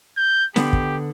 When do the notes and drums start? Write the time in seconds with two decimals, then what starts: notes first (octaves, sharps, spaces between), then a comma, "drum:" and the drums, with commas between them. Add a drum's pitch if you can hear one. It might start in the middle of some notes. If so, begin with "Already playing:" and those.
0.17 G6
0.56 D3 B3 G4, drum: snare
0.73 drum: kick